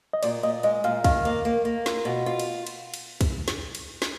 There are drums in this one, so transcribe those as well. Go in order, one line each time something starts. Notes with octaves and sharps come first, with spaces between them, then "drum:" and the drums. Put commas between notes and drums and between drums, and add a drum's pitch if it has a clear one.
D#5
A#2 D5, drum: cymbal
A#2 D#5
G#3 D#5
A#2 F5
D#3 F5, drum: kick, cymbal
A#3
A#3
A#3
F4, drum: snare
B2
F4
drum: cymbal
drum: cymbal
drum: cymbal
drum: kick, cymbal
drum: snare
drum: cymbal
drum: snare